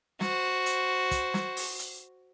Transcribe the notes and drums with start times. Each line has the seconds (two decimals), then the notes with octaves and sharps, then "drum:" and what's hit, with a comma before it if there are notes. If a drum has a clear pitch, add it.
0.21 F#4 C5, drum: snare
0.66 drum: hi-hat
1.11 drum: kick, hi-hat
1.34 drum: snare
1.57 drum: open hi-hat
1.79 drum: hi-hat